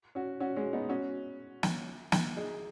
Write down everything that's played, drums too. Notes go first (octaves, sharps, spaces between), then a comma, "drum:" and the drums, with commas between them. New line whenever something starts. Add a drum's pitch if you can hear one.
C#4 F#4
C#4 F#4
G#3 C#4
B3 D#4
C#4 F#4
drum: snare
drum: snare
D#4 G#4